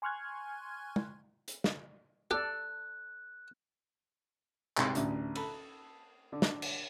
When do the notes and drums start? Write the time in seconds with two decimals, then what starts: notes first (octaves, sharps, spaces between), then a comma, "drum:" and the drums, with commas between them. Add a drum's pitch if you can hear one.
0.02 G#5 C6 C#6 F6 F#6 G#6
0.96 drum: tom
1.48 drum: hi-hat
1.64 drum: snare
2.31 G4 A4 D5 G5 F#6
4.77 C2 G#2 G#5 C6, drum: clap
4.95 A1 D2, drum: hi-hat
5.35 A4 B5, drum: cymbal
6.32 D3
6.42 drum: snare
6.62 drum: cymbal